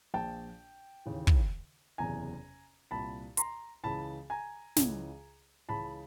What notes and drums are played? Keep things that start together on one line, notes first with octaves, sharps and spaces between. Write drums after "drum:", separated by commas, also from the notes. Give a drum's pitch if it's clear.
A#1 A#2 G5 A5
D#2 C#3 E3
drum: kick
F#1 E2 C3 G#5 A#5
C2 A#2 A5 B5
A#5 C6, drum: hi-hat
C#2 C#3 E3 A5 B5
G#5 A#5
C#2 C#3 E3, drum: snare
C#2 C#3 E3 A5 B5